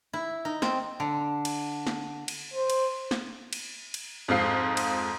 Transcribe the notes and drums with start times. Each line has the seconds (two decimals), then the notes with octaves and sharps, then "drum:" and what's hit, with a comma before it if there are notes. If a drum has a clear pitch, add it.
0.13 E4
0.45 D#4
0.62 C4, drum: snare
1.00 D3
1.45 drum: cymbal
1.87 drum: snare
2.28 drum: cymbal
2.54 C5
2.70 drum: cymbal
3.11 drum: snare
3.53 drum: cymbal
3.94 drum: cymbal
4.28 F2 G#2 F4 C7
4.77 drum: cymbal